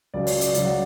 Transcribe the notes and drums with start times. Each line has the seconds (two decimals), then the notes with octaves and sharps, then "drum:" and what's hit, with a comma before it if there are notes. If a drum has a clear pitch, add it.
0.14 C#2 C#3 F#3 D5
0.27 C#5, drum: open hi-hat
0.41 D5, drum: hi-hat
0.54 C#2 C#3 F#3 D5, drum: hi-hat
0.65 F#5